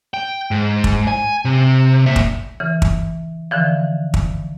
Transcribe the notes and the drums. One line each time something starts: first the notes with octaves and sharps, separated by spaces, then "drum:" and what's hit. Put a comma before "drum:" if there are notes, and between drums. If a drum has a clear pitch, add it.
G5
G#2
drum: kick
G#5
C3
A#2 E5
drum: kick
C#3 E3
drum: kick
D3 E3 F3
drum: kick